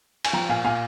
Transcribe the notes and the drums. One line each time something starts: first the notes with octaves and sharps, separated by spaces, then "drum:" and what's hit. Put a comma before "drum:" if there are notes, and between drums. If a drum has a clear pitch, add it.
G#5, drum: cymbal
F3 G5 A#5
A#2 F5 G#5
A#2 F5 G#5